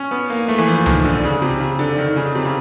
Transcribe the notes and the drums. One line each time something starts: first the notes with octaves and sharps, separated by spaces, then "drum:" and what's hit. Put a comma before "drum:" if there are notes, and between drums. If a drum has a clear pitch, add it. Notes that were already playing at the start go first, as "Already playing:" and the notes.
Already playing: C#4
B3
A#3
A3
E3
F3
D#3, drum: tom C#2
D3
C#3
C3
C#3
D3
D#3
C#3
C3
C#3